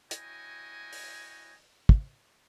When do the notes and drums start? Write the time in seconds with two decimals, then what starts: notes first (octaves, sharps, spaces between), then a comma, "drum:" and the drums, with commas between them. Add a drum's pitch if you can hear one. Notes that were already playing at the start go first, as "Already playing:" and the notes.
0.11 E4 F#4 C#5 D#5 G5 G#5, drum: hi-hat
0.93 drum: open hi-hat
1.89 drum: kick